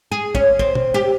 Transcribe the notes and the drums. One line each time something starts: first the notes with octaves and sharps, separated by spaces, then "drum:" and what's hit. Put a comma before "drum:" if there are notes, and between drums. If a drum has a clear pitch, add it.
G#4
C#4, drum: kick
C4, drum: kick
drum: tom
G4